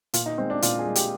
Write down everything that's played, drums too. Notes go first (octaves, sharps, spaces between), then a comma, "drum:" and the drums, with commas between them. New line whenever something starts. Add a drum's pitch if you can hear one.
A#2 F4, drum: hi-hat
D#4
G#3 C4
D4
A#2 F4, drum: hi-hat
G#4
G#3
G4, drum: hi-hat